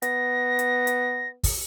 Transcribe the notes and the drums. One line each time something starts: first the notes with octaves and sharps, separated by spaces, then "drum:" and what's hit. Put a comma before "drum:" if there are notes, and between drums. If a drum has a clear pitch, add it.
B3 A#6, drum: hi-hat
drum: hi-hat
drum: hi-hat
drum: kick, open hi-hat